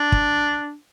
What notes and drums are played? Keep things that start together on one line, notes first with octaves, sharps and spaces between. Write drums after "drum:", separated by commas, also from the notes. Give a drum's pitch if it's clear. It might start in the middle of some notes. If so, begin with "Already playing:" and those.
Already playing: D4
drum: kick